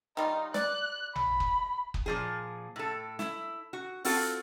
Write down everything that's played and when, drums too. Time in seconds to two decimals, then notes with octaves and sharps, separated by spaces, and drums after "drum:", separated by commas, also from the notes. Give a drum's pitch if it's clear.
0.17 D#3 G3 D#4 F4
0.54 D5 F#6, drum: snare
1.15 B5, drum: tom A1
1.40 drum: kick
1.94 drum: kick
2.06 A#2 F3 G#4
2.76 A2 A4
3.19 E4, drum: snare
3.73 F#4
4.05 C4 F4 F#4 A4, drum: open hi-hat